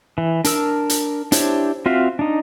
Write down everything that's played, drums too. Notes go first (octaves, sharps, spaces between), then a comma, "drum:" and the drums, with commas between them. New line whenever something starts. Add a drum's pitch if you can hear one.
E3
D4 A#4 E6, drum: hi-hat
drum: hi-hat
D4 E4 G4 C5 C#5, drum: hi-hat
C4 F4 F#4 E5 F5
D4 D#4